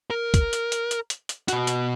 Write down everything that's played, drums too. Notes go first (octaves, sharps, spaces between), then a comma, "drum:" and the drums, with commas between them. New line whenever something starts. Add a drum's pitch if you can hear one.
A#4
drum: kick, hi-hat
drum: hi-hat
drum: hi-hat
drum: hi-hat
drum: hi-hat
drum: hi-hat
B2 F#4, drum: hi-hat
drum: hi-hat